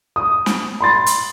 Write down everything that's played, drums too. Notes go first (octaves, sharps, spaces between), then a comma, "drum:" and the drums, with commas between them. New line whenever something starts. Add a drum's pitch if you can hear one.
D#6
drum: snare
B5 C6 A6
drum: hi-hat